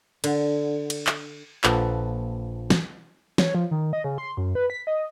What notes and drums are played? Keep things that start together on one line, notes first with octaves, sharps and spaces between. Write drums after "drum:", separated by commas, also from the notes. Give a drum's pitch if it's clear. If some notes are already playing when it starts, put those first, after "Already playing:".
D3, drum: cymbal
drum: cymbal
drum: clap
A#1 F3 A4 B4 F#5, drum: clap
drum: snare
C#5, drum: snare
F3
D#3
D#5
C#3
C6
F#2
B4
B6
D#5